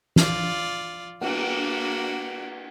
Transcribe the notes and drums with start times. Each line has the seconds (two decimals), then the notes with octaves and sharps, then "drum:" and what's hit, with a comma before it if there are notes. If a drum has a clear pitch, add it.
0.16 F4 D5, drum: snare
1.21 A#3 D4 F#4, drum: cymbal